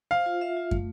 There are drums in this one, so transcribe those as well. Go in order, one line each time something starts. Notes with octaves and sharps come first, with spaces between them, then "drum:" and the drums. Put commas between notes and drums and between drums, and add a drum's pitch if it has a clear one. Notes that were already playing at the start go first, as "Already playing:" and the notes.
C5 F5
F4
E5
F4
A3, drum: kick